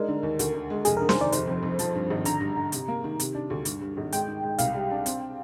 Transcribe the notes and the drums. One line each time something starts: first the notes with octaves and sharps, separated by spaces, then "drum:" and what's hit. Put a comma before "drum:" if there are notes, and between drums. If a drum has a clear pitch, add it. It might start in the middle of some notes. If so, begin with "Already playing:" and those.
Already playing: G#3 D4 D#4 A#4
D3
D#2
D2, drum: hi-hat
D3
G#3
F1 G#4, drum: hi-hat
A#4
D3
C5, drum: snare
D#2 D5
F1 C5, drum: hi-hat
F2
F2
F3, drum: hi-hat
G2
G#1
D3 A#5, drum: hi-hat
G2
D3
C3, drum: hi-hat
A#3
D#3
C3, drum: hi-hat
D4
D2
G2, drum: hi-hat
G2
G#1
G#3 G5, drum: hi-hat
D#3
G#3
C2 F5, drum: hi-hat
G3
D4
C4, drum: hi-hat